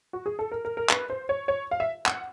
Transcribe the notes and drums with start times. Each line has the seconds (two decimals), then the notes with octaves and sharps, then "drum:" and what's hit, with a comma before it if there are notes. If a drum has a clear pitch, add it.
0.13 F#4
0.26 G#4
0.39 A4
0.52 A#4
0.65 A#4
0.77 A#4
0.89 B4, drum: clap
1.10 C5
1.29 C#5
1.48 C#5
1.71 F5
1.80 E5
2.06 F#5, drum: clap